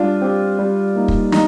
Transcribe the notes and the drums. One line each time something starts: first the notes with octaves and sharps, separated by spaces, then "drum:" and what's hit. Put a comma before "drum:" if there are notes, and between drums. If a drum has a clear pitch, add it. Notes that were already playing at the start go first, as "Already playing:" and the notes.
Already playing: G3 D4 F4
C4 G4
G3
A#3 D#4
drum: kick
D#4, drum: snare